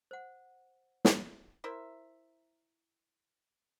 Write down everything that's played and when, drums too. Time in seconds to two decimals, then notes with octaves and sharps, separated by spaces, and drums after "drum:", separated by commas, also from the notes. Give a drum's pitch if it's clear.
0.11 C5 F#5
1.05 drum: snare
1.64 E4 A#4 C5 E5